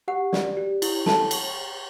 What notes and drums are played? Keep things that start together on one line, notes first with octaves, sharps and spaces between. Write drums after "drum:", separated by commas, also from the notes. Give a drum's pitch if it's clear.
G4 F#5
D5, drum: snare
G4
E4, drum: cymbal
A4 A5, drum: snare
drum: cymbal